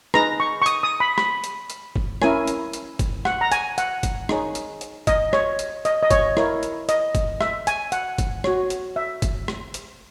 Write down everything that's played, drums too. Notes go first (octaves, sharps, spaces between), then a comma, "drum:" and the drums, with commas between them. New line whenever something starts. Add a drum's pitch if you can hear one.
D#4 G#4 B4 A#5, drum: rim click
C#6
C#6
D#6, drum: hi-hat
D#6
B5
B5, drum: rim click
drum: hi-hat
drum: hi-hat
drum: kick
C#4 E4 A#4 C#5 G#5, drum: rim click
drum: hi-hat
drum: hi-hat
drum: kick, hi-hat
F#5, drum: rim click
A#5
G#5, drum: hi-hat
F#5, drum: hi-hat
drum: kick, hi-hat
D#4 G#4 C#5, drum: rim click
drum: hi-hat
drum: hi-hat
D#5, drum: kick, hi-hat
C#5, drum: rim click
drum: hi-hat
D#5, drum: hi-hat
D#5
C#5, drum: kick, hi-hat
E4 A#4 C#5, drum: rim click
drum: hi-hat
D#5, drum: hi-hat
drum: kick, hi-hat
E5, drum: rim click
G#5, drum: hi-hat
F#5, drum: hi-hat
drum: kick, hi-hat
F#4 C#5, drum: rim click
drum: hi-hat
E5
drum: kick, hi-hat
drum: rim click
drum: hi-hat